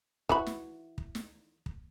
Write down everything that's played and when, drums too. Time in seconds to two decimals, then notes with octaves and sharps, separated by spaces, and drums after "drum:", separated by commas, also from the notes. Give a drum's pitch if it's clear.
0.29 E3 F#4 B5, drum: kick
0.46 drum: snare
0.98 drum: kick
1.15 drum: snare
1.66 drum: kick